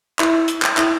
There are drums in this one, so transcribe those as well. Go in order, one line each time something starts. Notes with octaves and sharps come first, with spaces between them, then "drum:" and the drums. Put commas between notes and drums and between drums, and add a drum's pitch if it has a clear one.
E4, drum: clap
drum: hi-hat
drum: clap
E4, drum: clap